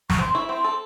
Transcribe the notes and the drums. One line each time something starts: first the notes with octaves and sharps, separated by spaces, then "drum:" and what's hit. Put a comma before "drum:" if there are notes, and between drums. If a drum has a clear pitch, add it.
C#6, drum: snare
C4 C6
E4 C#6
C4 C6
A4